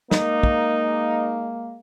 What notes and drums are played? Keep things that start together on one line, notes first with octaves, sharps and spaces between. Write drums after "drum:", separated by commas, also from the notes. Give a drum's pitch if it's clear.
G#3 A#3 D#4, drum: snare
drum: kick